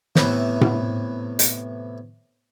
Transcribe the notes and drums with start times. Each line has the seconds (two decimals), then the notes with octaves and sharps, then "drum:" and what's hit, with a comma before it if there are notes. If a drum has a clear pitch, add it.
0.16 A2 C3 E3 B3 E4, drum: snare
0.61 drum: tom A2
1.39 drum: hi-hat